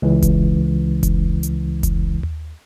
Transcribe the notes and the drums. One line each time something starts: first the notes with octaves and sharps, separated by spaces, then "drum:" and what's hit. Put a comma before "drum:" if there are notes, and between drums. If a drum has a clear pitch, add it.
C#2 E3
drum: kick F1, hi-hat
drum: kick F1, hi-hat
drum: hi-hat
drum: kick F1, hi-hat
drum: tom D#2